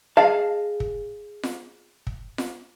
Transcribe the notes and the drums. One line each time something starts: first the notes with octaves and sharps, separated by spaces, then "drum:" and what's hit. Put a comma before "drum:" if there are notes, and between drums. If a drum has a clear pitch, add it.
G#4 D#5 F5 A5
drum: kick
drum: snare F4
drum: kick
drum: snare F4